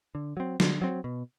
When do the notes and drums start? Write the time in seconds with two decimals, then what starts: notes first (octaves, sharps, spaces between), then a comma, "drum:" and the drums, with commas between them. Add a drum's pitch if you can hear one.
0.15 D3
0.37 F#3 C4
0.60 D3, drum: snare
0.82 F#3 C4
1.04 B2